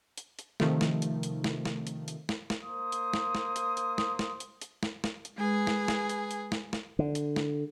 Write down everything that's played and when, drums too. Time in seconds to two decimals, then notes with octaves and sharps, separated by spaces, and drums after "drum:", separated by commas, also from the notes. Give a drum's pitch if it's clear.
0.17 drum: hi-hat
0.39 drum: hi-hat
0.60 C3 D#3 F3 A3, drum: snare
0.81 drum: snare
1.02 drum: hi-hat
1.23 drum: hi-hat
1.44 drum: snare
1.65 drum: snare
1.87 drum: hi-hat
2.08 drum: hi-hat
2.29 drum: snare
2.50 drum: snare
2.62 A#3 C5 D#6
2.92 drum: hi-hat
3.13 drum: snare
3.35 drum: snare
3.56 drum: hi-hat
3.77 drum: hi-hat
3.98 drum: snare
4.19 drum: snare
4.40 drum: hi-hat
4.61 drum: hi-hat
4.83 drum: snare
5.04 drum: snare
5.25 drum: hi-hat
5.38 G#3 G#4 B4 G#5
5.67 drum: snare
5.88 drum: snare
6.09 drum: hi-hat
6.31 drum: hi-hat
6.52 drum: snare
6.73 drum: snare
6.99 D3
7.15 drum: hi-hat
7.36 drum: snare